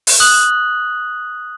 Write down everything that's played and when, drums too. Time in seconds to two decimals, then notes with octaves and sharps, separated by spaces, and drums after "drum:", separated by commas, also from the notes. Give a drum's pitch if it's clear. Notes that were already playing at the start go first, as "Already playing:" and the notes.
0.07 drum: open hi-hat
0.20 D#6 F#6 F#7